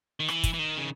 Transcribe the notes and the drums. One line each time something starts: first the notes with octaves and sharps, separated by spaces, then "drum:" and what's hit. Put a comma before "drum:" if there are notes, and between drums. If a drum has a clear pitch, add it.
D#3
E3, drum: rim click
drum: kick, hi-hat
E3
D#3
C#3